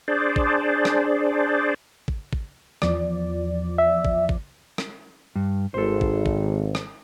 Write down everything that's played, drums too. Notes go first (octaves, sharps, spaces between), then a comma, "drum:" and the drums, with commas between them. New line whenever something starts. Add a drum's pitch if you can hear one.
D4 G#4 C5 D5
drum: kick
drum: rim click
drum: kick
drum: kick
E2 F3 D5, drum: rim click
E5
drum: kick
drum: kick
drum: rim click
G2
G#1 A4 C5
drum: kick
drum: kick
drum: rim click